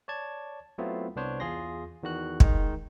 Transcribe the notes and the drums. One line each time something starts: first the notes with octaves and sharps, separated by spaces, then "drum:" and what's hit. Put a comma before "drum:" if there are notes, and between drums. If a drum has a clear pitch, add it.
C#5 D5 A5 G#6
F#3 A3 B3 C4 E4 F4
C2 B3 D4 C5 C#5
E2 F4 G#4 C6 A#6
E2 D#3 F#4 F#6
D#3 G#3 D#4, drum: kick